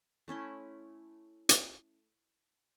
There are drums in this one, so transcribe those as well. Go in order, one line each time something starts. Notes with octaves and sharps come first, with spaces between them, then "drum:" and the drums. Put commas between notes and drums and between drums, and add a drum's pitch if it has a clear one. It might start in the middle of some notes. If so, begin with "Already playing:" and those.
A3 C#4 E4 C6
drum: hi-hat